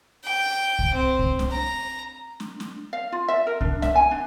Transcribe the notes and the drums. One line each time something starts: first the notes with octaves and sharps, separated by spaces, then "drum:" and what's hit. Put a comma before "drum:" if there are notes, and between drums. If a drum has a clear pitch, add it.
G5
drum: kick C2
C4
drum: kick C2
drum: snare
A#5
drum: snare
drum: snare
F5
F4
E5
A#4
D4, drum: kick C2
E5, drum: snare
G#5
D4